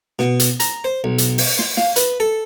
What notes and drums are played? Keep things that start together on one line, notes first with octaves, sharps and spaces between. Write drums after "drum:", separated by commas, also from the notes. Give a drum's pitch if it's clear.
B2, drum: snare
drum: hi-hat
A#5, drum: hi-hat
C5
B1
drum: hi-hat
drum: open hi-hat
C6, drum: snare
F5, drum: snare
B4, drum: hi-hat
A4